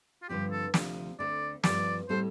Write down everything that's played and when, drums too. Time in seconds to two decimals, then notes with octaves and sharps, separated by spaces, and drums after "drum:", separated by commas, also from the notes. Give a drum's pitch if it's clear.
0.22 F4
0.29 G2 D3 F3 C4 G4
0.51 A4
0.74 D2 C3 F3 D4, drum: snare
1.19 D2 D3 A3 C4 D5
1.64 G2 F3 C4 G4 D5, drum: snare
2.09 A2 G3 C4 A4 C5